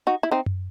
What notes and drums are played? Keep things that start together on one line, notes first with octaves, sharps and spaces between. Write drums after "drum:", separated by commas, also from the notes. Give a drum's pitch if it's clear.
D#4 F#4
E4
C4 D#4
drum: tom F#2